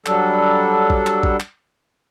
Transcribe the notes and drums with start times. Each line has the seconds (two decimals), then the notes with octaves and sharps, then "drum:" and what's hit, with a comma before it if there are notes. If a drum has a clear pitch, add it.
0.06 F#3 G3 D4 A4, drum: clap
0.90 drum: kick A#1
1.07 drum: clap
1.23 drum: kick A#1
1.40 drum: clap